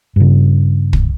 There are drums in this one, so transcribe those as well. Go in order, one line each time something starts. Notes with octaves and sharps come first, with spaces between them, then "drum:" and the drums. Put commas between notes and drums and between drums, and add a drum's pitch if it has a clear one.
G2 C#3
drum: kick